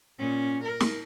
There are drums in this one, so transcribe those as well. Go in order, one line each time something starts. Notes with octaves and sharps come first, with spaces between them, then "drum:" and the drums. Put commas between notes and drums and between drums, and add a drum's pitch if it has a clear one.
A#2 C#4
A#4
drum: snare